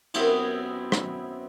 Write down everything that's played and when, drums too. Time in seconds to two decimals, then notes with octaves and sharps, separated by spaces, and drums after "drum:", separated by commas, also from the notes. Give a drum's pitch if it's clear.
0.14 F#2 B3 C4 E4, drum: cymbal
0.92 drum: rim click